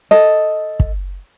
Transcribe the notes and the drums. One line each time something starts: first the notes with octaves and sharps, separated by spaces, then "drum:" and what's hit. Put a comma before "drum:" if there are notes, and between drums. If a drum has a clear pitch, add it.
A4 D#5
drum: kick